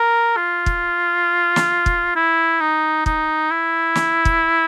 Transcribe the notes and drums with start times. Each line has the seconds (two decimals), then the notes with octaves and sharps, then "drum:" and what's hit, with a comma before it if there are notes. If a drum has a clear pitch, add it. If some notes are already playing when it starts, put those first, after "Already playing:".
Already playing: A#4
0.36 F4
0.66 drum: kick
1.56 drum: snare
1.86 drum: kick
2.16 E4
2.61 D#4
3.06 D#4, drum: kick
3.51 E4
3.95 drum: snare
4.25 drum: kick